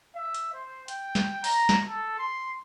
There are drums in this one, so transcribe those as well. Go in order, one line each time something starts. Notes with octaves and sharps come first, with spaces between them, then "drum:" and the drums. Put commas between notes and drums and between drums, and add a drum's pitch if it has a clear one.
E5
drum: hi-hat
C5
G5, drum: hi-hat
drum: snare
A#5, drum: open hi-hat
drum: snare
A4
C6